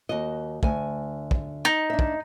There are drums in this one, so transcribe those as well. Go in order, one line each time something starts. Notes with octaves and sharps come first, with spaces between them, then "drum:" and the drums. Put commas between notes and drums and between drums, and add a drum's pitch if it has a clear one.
D#2 F#4 D#5
D2 G#5, drum: kick
drum: kick
D#4
D4 E5
drum: kick